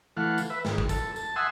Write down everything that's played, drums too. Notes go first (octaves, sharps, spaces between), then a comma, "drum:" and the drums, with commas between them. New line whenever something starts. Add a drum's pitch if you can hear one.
E3 A3 F5 F#5
drum: tambourine
B4 E5
G#2 D#3, drum: snare
drum: kick
A4, drum: kick, tambourine
A5, drum: tambourine
E5 F#5 G#5 C6 D#6 E6